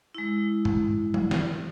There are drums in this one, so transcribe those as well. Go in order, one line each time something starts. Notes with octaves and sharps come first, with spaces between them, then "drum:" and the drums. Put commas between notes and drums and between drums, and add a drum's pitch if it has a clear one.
G#3 E4
drum: tom G2
drum: tom F3
drum: snare